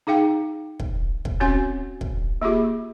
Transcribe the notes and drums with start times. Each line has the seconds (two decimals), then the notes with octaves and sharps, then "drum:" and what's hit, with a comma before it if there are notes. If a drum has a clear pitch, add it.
0.07 D#4 G#4 F5 G5
0.79 drum: kick
1.25 drum: kick
1.40 C4 C#4 F#4 C#5 G#5
2.01 drum: kick
2.42 A#3 F4 G4 G#4